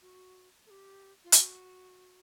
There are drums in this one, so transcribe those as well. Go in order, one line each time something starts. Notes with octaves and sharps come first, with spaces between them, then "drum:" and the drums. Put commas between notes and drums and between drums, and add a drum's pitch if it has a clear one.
F#4
A4
G4
F4
F#4, drum: hi-hat